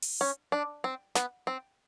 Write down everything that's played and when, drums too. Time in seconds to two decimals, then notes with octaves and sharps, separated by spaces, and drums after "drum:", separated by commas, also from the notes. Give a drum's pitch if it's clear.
0.02 drum: open hi-hat
0.21 C#4
0.52 D4
0.84 C4
1.15 B3, drum: snare
1.47 C4